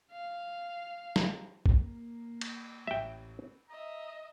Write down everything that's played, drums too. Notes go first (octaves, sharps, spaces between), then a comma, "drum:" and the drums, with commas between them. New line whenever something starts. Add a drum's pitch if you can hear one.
F5
drum: snare
drum: kick A#1
A#3
drum: cymbal
A1 E5 G5
D#5 E5 A#5